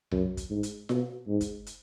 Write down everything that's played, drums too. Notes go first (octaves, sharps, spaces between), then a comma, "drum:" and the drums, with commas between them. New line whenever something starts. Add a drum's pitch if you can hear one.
F#2, drum: tom C2
drum: kick, hi-hat
G#2
drum: hi-hat
B2, drum: snare F4
G#2
drum: kick, hi-hat
drum: hi-hat